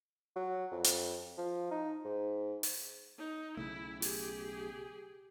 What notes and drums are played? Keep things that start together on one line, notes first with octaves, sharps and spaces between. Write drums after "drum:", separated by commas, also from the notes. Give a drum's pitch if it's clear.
F#3
F2
drum: hi-hat
F3
D#4
G#2
drum: open hi-hat
D#4
B1 C#3 A3 E4
G4 G#4, drum: open hi-hat